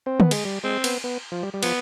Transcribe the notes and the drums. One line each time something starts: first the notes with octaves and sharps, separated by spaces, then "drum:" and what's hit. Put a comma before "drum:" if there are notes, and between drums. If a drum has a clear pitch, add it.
C4
B3, drum: tom
G#3, drum: cymbal
G3
G#3 C4
B3, drum: cymbal
B3
F3
G3
G3
F3 B3, drum: cymbal